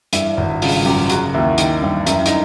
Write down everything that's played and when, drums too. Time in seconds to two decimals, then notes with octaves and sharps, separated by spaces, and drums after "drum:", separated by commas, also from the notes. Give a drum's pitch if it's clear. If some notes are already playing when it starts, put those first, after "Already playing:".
0.13 G2 E4, drum: hi-hat
0.37 G#1
0.62 C#3 F4, drum: open hi-hat
0.85 F#2 G4
1.10 C#3 F#4, drum: hi-hat
1.34 D#2 E4
1.58 D#3, drum: hi-hat
1.83 G2
2.07 F#2 E4, drum: hi-hat
2.26 D#4, drum: hi-hat